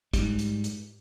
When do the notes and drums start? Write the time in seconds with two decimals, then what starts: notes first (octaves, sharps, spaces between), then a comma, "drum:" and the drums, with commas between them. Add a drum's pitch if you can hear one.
0.14 G#2 G3, drum: kick, hi-hat
0.39 drum: hi-hat
0.64 drum: hi-hat